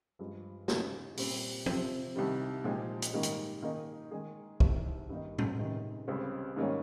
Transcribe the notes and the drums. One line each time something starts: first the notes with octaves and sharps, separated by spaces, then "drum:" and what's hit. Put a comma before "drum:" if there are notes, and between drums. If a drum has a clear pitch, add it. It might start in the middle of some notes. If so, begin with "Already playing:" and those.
G2 F3 G#3
D#2 C#3 G#3, drum: snare
A#2 G3 C4, drum: open hi-hat
C3 F3 C4, drum: tom
C2 C3 D#3 G3
A#2 F3 G#3 D#4 G4
drum: hi-hat
G#2 D#3 G3 A#3
drum: hi-hat
D#3 A#3 D#4 G#4
D#3 G#3 D#4 G#4
C2 C3 D#3 G3 C4, drum: kick
G2 D#3 A#3 D#4
drum: tom A2
C#2 C3 D#3 G#3
C#2 C#3 G3 C4
G#2 D#3 G3 A#3 C#4